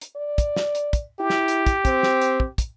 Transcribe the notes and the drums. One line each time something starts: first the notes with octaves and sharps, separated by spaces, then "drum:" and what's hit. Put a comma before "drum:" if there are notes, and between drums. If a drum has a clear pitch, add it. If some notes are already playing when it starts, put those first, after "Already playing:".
drum: hi-hat
D5
drum: kick, hi-hat
drum: snare
drum: hi-hat
drum: kick, hi-hat
E4 G4
drum: snare
drum: hi-hat
drum: kick, hi-hat
C4, drum: kick, hi-hat
drum: snare
drum: hi-hat
drum: kick
drum: kick, hi-hat